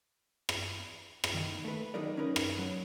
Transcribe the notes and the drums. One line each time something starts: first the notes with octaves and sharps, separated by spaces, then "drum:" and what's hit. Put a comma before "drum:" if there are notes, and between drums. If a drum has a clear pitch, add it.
drum: rim click
drum: rim click
D#3
A3 B4
D#3 F#3 G#3 D#4 A#4 D5
C#4 D#4 A#4 B4
drum: rim click
F#3